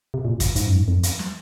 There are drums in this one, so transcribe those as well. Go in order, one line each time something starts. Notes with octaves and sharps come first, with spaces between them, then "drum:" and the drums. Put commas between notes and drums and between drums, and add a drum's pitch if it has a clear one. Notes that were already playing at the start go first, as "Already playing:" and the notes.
C3
A#2
drum: kick, hi-hat
G#2, drum: hi-hat
F#2
G#2
F2
drum: hi-hat
drum: snare